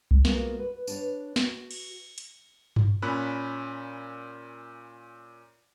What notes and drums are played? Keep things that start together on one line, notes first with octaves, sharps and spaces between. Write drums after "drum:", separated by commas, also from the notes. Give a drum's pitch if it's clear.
drum: kick B1
G#3 A#3 B3 F4 F#4 A#4, drum: snare
B4
D4 B4 C#5, drum: tambourine
F#4, drum: snare
drum: cymbal
drum: hi-hat
drum: tom G2
A#2 C#4 B5 F#6